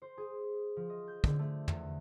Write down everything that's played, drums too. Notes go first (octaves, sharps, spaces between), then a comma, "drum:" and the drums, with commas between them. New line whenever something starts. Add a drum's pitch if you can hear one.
C5
G#4
F3
D#5
G6
D3, drum: kick
A3
E2, drum: tom